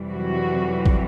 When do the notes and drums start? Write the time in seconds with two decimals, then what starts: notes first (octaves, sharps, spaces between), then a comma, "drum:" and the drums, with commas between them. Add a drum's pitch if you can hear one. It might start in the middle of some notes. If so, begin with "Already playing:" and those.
Already playing: F2 C3 E3 G3
0.11 F#3 F#4
0.86 drum: kick